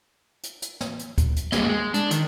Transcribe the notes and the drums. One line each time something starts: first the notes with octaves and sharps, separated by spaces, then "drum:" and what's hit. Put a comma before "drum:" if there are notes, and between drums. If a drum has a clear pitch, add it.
drum: hi-hat
drum: hi-hat
drum: snare
drum: hi-hat
drum: kick D2, hi-hat
drum: hi-hat
G2 G3 A#3 F#4 G#4 D#5, drum: snare
G#3
D4, drum: hi-hat
D#3, drum: hi-hat